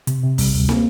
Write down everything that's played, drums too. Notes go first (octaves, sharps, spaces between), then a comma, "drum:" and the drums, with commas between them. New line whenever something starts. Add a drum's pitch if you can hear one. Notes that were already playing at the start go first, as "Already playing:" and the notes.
C3, drum: hi-hat
C3
G3, drum: kick, open hi-hat
D2
A#3, drum: snare